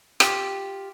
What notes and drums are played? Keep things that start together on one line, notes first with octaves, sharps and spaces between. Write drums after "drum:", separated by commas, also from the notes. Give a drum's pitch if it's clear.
F4 G4, drum: rim click